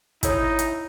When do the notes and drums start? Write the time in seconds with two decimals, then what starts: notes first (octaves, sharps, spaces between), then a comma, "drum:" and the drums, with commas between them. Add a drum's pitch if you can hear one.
0.23 D#4 E4 C#5, drum: kick, hi-hat
0.59 drum: hi-hat